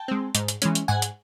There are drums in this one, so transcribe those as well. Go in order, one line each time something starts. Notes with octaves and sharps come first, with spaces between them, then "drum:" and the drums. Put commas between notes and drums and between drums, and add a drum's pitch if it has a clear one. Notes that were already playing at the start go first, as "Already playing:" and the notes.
Already playing: G5 A5
G#3 C4
G#2, drum: hi-hat
drum: hi-hat
E3 G#3 C#4, drum: hi-hat
drum: hi-hat
G#2 F#5 G#5
drum: hi-hat